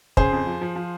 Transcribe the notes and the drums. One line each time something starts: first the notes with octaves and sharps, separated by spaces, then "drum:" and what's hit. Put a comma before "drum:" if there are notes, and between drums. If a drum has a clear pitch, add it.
C#3 G#4 C5, drum: kick
F2
F3
F3
F3